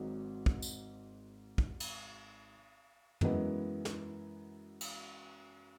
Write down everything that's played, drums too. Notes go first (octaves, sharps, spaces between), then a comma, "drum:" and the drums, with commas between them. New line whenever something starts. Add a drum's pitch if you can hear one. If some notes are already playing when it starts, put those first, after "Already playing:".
Already playing: G#1 G#2 F#3
drum: kick
drum: tambourine
drum: kick
drum: cymbal
F#2 E3 G#3 B3, drum: tom
drum: snare
drum: cymbal